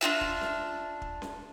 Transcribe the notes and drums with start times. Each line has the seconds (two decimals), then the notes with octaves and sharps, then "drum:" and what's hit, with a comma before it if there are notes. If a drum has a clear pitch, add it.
0.01 D4 F4 F#4 E5
0.21 drum: kick
0.41 drum: snare C#4
1.02 drum: kick
1.22 drum: snare C#4